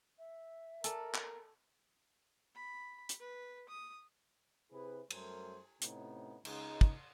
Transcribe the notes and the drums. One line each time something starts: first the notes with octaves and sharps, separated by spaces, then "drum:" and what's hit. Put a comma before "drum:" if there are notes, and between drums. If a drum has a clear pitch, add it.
E5
A4 A#4 D5 G#5 A5, drum: hi-hat
drum: clap
B5
drum: hi-hat
B4
D#6
C3 E4 G#4 B4
F#2 G3 A3 A#4 C5, drum: cymbal
A2 C3 B3 C#4 D#4, drum: hi-hat
C#2 C#3 G#3 D#4, drum: cymbal
drum: kick